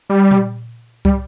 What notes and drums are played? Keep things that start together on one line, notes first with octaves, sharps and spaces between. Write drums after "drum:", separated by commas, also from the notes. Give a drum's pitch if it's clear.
G3
drum: tom A#2
G3, drum: kick